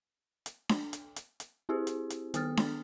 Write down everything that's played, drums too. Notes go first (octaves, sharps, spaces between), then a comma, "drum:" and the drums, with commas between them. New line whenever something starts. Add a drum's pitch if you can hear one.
drum: hi-hat
drum: snare D4
drum: hi-hat
drum: hi-hat
drum: hi-hat
C4 E4 G4 G#4 C5
drum: hi-hat
drum: hi-hat
D#3 B3 A4 D#6 F6 A6, drum: hi-hat
drum: snare D4